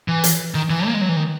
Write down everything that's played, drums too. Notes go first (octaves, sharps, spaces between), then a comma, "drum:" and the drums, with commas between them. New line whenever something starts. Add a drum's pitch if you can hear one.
E3
drum: hi-hat
D#3
E3
A#3
G#3
F#3
E3
D#3